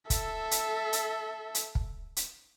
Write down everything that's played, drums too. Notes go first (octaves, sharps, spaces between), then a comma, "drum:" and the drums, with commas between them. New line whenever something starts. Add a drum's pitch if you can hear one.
A4 E5, drum: kick, hi-hat
drum: hi-hat
drum: hi-hat
drum: hi-hat
drum: kick
drum: hi-hat